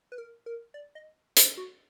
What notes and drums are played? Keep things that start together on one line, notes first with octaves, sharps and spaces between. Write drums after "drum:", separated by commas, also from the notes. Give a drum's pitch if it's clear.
B4
A#4
A#4
D5
D#5
C5, drum: hi-hat
F#4